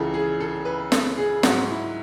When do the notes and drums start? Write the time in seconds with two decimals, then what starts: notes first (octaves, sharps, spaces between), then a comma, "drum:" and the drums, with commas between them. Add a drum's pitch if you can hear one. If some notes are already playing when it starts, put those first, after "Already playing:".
Already playing: C#2 C#3 E3 A4
0.14 G#4
0.40 A4
0.65 B4
0.92 A4, drum: snare
1.17 G#4
1.43 G#2 F#3 F#4, drum: snare
1.69 E4